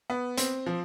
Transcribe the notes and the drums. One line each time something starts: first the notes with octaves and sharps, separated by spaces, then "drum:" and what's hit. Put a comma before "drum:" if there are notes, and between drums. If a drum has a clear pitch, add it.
B3
C4, drum: hi-hat
F3